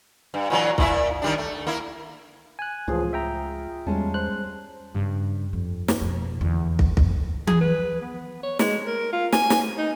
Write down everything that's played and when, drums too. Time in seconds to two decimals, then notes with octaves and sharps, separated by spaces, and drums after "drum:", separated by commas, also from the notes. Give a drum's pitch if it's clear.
0.34 G2
0.50 A#2 E3 F#3
0.78 A#2 E4 E5, drum: kick
1.22 D#3 G3 D4
1.38 A3
1.67 A#3 E4
2.59 G#5 F#6
2.88 C#2 A2 E3 F3 F4 G#4
3.13 E5 G5 A#5
3.87 E2 G3 G#3 C#4 A5 C6
4.14 C5 C6 F#6
4.94 G2 C#3
5.53 F2
5.88 drum: snare
6.01 F2 B2
6.41 E2 D3
6.79 drum: kick
6.97 F2 B2, drum: kick
7.47 G#4, drum: tom E3
7.61 B4
8.01 B3
8.43 C#5
8.59 G#3, drum: snare
8.86 A#4
9.12 F4
9.32 G#5, drum: snare
9.50 drum: snare
9.78 D#4